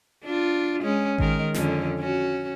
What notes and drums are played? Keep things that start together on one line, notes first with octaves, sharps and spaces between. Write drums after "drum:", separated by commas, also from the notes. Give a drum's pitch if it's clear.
D4 F4
G#3 C#4
D#3 G#3 A#4, drum: kick A1
F2 D3 C#4, drum: snare
C#4 F#4